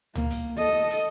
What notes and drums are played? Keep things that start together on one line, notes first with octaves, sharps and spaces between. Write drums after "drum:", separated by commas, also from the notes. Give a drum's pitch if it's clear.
A#3, drum: tom C#2
drum: hi-hat
A4 D#5
drum: hi-hat